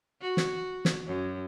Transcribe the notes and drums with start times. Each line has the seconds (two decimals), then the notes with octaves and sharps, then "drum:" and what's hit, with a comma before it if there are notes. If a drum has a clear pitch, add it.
0.21 F#4
0.37 drum: snare
0.85 drum: snare
1.06 F#2